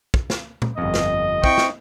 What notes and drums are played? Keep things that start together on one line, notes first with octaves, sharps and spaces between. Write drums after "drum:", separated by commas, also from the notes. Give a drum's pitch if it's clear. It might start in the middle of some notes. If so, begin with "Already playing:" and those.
drum: kick
drum: snare
drum: tom A#2
G1 F2 D#5
drum: snare
C4 E4 G5 C#6, drum: kick
drum: snare